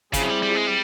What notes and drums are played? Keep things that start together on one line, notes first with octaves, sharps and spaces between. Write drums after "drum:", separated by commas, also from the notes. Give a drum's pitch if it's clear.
C#3 C4 E4 G#4, drum: kick, hi-hat
F#3
G3
G3
G#3
G3